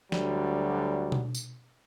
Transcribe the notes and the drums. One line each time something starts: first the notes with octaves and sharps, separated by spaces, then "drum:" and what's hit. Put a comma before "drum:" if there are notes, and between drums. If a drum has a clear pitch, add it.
D2 D3 F#3 G3, drum: snare
drum: tom B2
drum: tambourine